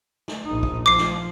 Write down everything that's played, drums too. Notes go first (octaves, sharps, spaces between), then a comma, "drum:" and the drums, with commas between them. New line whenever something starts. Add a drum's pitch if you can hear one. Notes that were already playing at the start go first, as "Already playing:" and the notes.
drum: snare
A#1 D#4
drum: kick
F3 D6 C7
drum: snare